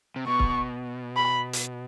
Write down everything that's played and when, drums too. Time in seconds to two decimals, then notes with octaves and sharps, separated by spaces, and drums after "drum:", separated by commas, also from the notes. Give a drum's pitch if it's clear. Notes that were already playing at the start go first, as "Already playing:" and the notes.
0.16 C3
0.27 B2 C#6
0.40 drum: kick C#1
1.17 B5
1.53 drum: hi-hat